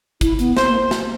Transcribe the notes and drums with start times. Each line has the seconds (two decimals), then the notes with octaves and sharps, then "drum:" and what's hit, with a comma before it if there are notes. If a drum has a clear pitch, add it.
0.21 E4, drum: kick, hi-hat
0.39 B3, drum: hi-hat
0.57 C5, drum: snare
0.68 A#3
0.91 drum: snare